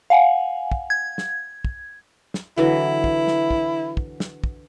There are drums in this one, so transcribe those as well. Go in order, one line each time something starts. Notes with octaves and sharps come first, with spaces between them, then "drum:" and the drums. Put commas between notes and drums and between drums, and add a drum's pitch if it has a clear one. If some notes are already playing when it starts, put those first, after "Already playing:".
F5 F#5 G#5
drum: kick
G#6
drum: snare
drum: kick
drum: snare
D3 E3 F#3 E4
drum: kick
drum: snare
drum: kick
drum: kick
drum: snare
drum: kick